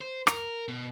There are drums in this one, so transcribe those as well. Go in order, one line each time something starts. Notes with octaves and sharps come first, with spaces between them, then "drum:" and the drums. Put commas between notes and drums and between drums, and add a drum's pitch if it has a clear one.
C5
A#4, drum: rim click
B2